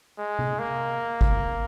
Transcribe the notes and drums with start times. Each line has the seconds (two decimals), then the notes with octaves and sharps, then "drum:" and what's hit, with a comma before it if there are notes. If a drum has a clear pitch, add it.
0.18 G#3
0.39 drum: tom C3
0.59 A#3
1.21 drum: kick